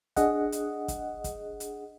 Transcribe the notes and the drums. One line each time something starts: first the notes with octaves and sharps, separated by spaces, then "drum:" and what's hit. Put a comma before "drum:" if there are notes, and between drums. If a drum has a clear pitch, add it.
D4 G#4 D#5 F#5, drum: kick, hi-hat
drum: hi-hat
drum: kick, hi-hat
drum: kick, hi-hat
drum: hi-hat